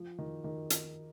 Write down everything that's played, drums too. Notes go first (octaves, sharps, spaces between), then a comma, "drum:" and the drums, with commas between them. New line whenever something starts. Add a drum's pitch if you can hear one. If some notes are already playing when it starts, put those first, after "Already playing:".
Already playing: F3
D#3
D#3
drum: hi-hat